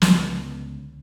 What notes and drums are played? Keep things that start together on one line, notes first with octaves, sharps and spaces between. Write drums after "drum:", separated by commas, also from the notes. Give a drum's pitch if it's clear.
C#2 D3 B3, drum: snare